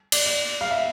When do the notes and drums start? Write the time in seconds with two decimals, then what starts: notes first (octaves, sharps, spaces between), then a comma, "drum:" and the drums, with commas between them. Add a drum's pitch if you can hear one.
0.12 D5, drum: cymbal
0.26 D5
0.61 F5
0.71 E5